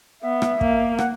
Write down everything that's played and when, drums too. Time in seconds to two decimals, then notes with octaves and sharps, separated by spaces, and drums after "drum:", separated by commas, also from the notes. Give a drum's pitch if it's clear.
0.23 B3 E5
0.42 drum: rim click
0.61 A#3, drum: kick
0.99 F#5, drum: rim click